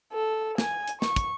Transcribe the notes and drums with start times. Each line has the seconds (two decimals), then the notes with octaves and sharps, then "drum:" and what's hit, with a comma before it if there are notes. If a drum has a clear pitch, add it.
0.13 A4
0.58 G#5, drum: snare
0.88 drum: hi-hat
1.02 C#6, drum: snare
1.16 drum: kick, hi-hat